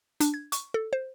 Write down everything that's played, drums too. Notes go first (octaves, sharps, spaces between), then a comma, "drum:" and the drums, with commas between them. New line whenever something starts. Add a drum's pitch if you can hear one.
D4, drum: hi-hat
G#6
C#6, drum: hi-hat
A4
C5